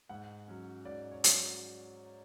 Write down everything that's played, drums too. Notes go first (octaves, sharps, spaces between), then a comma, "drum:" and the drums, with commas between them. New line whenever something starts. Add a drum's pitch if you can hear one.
G#2 F#5
F#3 C#4
G#2 D5
C#5
F#3, drum: hi-hat